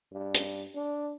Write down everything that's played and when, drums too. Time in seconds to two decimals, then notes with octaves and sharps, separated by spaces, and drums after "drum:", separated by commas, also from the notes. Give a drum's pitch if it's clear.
0.12 G2
0.34 drum: hi-hat
0.75 D4